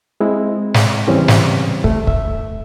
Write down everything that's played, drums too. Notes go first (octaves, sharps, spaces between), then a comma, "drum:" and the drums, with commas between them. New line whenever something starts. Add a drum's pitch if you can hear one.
G#3 C4 E4
drum: snare
E2 C#3 E3 G3 C4 C#4
drum: snare
A3, drum: kick
E5, drum: kick